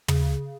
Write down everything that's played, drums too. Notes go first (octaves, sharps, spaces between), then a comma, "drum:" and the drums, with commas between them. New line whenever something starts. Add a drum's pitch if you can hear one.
C#3, drum: tom